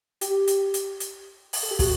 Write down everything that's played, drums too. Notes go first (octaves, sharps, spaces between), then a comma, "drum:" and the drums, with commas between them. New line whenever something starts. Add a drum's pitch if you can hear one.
G4, drum: hi-hat
drum: hi-hat
drum: hi-hat
drum: hi-hat
drum: open hi-hat
A4
G4
F#4, drum: kick, open hi-hat